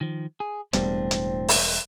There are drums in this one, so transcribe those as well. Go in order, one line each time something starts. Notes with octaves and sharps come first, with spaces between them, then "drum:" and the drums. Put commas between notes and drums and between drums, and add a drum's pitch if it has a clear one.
D#3 F3
G#4
E1 A2 G3 B3 C4 D4, drum: hi-hat
drum: hi-hat
drum: open hi-hat